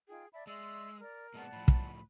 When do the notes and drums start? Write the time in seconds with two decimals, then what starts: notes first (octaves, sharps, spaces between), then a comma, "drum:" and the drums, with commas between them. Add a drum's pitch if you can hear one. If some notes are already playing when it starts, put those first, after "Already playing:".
0.08 D#4 F4 G#4 G5
0.33 D5 E5 A5 B5
0.47 G#3 D5 E5 C6 E6
1.00 A#4 D5
1.34 A#2 G#3 B3 D5 F#5 A5
1.52 A2 F3 B5
1.68 drum: kick